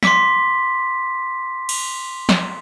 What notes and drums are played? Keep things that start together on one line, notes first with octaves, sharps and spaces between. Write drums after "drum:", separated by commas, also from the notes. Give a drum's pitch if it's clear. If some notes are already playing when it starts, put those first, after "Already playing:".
C6 D6 B6, drum: snare
drum: cymbal
drum: snare